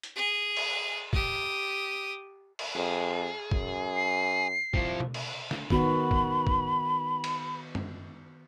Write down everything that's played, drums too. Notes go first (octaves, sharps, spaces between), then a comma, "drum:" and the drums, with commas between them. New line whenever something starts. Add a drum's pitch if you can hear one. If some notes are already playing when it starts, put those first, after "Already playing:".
drum: hi-hat
G#4
drum: cymbal
G4 D#6, drum: kick
drum: cymbal
F2 G#4
F#2, drum: kick
C7
C3 F3 E4, drum: kick
drum: tom B2
drum: cymbal
drum: snare
D#3 B3 F#4 B5, drum: kick
drum: kick
drum: kick
drum: cymbal
drum: tom F#2